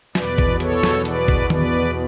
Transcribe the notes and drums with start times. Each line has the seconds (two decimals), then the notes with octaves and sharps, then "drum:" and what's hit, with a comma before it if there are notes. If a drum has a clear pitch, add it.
0.15 E2 B2 B4 D5, drum: snare
0.38 drum: kick A1
0.60 A4 C#5, drum: hi-hat
0.83 drum: snare
1.05 B4 D5, drum: hi-hat
1.28 drum: kick A1
1.50 B4 D5, drum: tom D#3